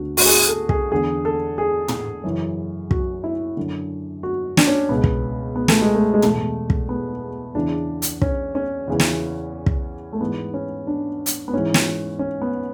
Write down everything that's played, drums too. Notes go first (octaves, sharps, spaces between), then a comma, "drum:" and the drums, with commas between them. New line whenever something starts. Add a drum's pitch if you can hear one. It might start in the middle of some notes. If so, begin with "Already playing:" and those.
Already playing: D2 D3 F#4
F#4, drum: open hi-hat
G#4
A4
G#4, drum: kick
E2 D3 G#4
A4
G#4
drum: tom
F#2 C#3 E3
F#4, drum: kick
E4
F#2 D3
F#4
D4, drum: snare
C#4
C#2 B2 B3
drum: kick
B3
A3, drum: snare
G#3
A3
G#3
E2 B2 A3, drum: tom
drum: kick
B3
E2 C#3 E3 D4
drum: hi-hat
C#4, drum: kick
C#4
E2 C#3 E3
drum: snare
drum: kick
A3
G#2 E3 B3
C#4
D4
drum: hi-hat
B3
G#2 E3 C#4
drum: snare
C#4
B3